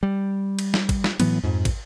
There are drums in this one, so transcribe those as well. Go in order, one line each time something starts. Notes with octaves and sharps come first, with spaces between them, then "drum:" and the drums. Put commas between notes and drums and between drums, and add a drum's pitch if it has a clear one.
G3
drum: cymbal
drum: snare
drum: kick, cymbal
drum: snare
A2 E3 F#3 B3, drum: cymbal
F2 G#2
drum: kick, cymbal